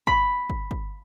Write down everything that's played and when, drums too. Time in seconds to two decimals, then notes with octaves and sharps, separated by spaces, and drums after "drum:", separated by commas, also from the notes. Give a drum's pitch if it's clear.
0.07 B5, drum: kick
0.50 drum: kick
0.71 drum: kick